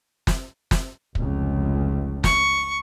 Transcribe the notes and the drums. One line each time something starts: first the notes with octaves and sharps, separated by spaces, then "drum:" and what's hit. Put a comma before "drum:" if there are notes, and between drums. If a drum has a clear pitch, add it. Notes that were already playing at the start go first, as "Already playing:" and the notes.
drum: snare
drum: snare
F1 C#2, drum: kick
C#6, drum: snare